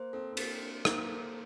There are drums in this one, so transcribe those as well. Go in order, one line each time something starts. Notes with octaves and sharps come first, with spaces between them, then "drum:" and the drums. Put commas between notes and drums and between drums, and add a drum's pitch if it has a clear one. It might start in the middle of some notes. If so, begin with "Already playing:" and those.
Already playing: A#3 C5
C4 A4
C4
A#3 D4, drum: cymbal
D4
A#3 C5, drum: rim click
A4